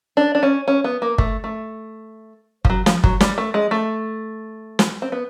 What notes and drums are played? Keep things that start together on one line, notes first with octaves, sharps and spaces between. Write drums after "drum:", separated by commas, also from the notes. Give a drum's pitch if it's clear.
D4
D4
C#4
C#4
B3
A#3
A3, drum: kick
A3
F3, drum: kick
F#3
F3, drum: snare
F#3, drum: kick
G3, drum: snare
A3
G#3
A3
drum: snare
C4
B3